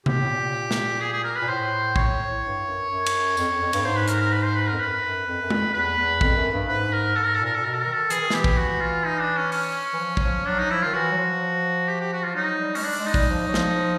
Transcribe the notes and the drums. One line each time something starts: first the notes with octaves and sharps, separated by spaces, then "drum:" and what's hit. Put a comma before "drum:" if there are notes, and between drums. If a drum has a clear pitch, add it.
B2 G4, drum: tom C3
A2
A#2
drum: snare
G#4
G#4
A#4
B4
A#2
A2 C5
C#5, drum: kick
G2
F#2
F#2
drum: cymbal
F2, drum: tambourine
F2
G2, drum: cymbal
G#2 C5
B4
A#4, drum: hi-hat
A#4
B4
C5
B4
F2 A#4
F#2 B4
F#2
F2
F#2
F2, drum: tom G#3
E2 B4
E2
F2, drum: kick
F#2
G2
G#2 B4
A#4
G#2 A4
A#4
A4
A#2 A#4
A#2 A4
B2 A#4
A4
D#3 A#4
A4
E3 G#4, drum: hi-hat
D#3
E3 G4, drum: snare
drum: kick
F#4
F4
D#4
D4
C#4
C#4, drum: open hi-hat
E3
F3
F#3, drum: kick
F3
F#3 D4
D#4
F3 E4
D#3 F4
E3 F#4
F#3
F3
G4
G4
F#4
F3 F4
F#3 D#4
G3
G#3 C#4, drum: open hi-hat
G3 D4
G#3
D#4
G3, drum: kick
F3
F#3
F3, drum: snare